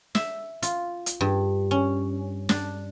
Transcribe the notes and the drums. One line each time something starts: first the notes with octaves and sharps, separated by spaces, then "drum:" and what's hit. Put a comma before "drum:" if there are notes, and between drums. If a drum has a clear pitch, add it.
E5, drum: snare
F4, drum: hi-hat
drum: hi-hat
G2
C#4
D4, drum: snare